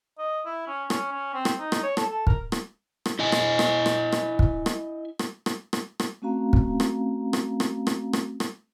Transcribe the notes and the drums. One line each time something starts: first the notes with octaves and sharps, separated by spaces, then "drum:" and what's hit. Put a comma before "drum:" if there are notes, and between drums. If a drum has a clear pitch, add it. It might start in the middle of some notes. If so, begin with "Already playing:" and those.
D#5
E4
C#4
C#4, drum: rim click
C#4
C4
drum: rim click
D#4
drum: rim click
C#5
A4, drum: rim click
A4
A#4, drum: kick
drum: rim click
drum: rim click
E4 D#5 G#5
drum: rim click
drum: rim click
drum: rim click
drum: rim click
drum: kick
drum: rim click
drum: rim click
drum: rim click
drum: rim click
drum: rim click
A3 C4 C#4 F#4 F5 A#5
drum: kick
drum: rim click
drum: rim click
drum: rim click
drum: rim click
drum: rim click
drum: rim click